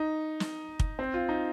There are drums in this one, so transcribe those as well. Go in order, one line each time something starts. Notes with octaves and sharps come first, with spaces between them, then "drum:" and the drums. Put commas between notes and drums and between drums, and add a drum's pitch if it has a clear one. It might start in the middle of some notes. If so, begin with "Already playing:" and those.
Already playing: D#4
drum: snare
drum: kick
C4
F4
D#4